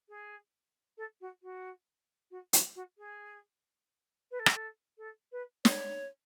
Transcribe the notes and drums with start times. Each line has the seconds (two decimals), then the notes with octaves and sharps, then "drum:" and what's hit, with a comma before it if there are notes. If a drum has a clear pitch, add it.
0.09 G#4
0.97 A4
1.21 F#4
1.42 F#4
2.30 F#4
2.53 F#4, drum: hi-hat
2.75 F#4
2.98 G#4
4.31 B4
4.39 A4
4.46 G#4, drum: rim click
4.53 A4
4.97 A4
5.32 B4
5.65 C#5, drum: snare